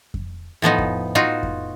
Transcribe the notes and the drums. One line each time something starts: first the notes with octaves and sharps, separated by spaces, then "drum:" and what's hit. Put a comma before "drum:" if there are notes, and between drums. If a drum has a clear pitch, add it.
drum: kick F2
A2 F3 B3 D#4
drum: kick F2
D#4 F4 F#4
drum: kick F2